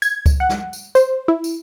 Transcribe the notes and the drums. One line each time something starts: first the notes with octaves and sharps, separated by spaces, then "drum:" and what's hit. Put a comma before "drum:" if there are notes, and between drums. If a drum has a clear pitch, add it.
G#6, drum: tambourine
drum: kick C#2, tambourine
F#5
drum: snare
drum: tambourine
C5, drum: tambourine
E4
drum: tambourine